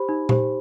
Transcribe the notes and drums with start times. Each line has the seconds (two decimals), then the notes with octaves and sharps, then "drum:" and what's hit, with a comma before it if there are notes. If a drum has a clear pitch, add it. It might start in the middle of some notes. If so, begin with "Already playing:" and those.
Already playing: G4 C5 B5
0.09 D#4
0.29 G4 C5, drum: tom A#2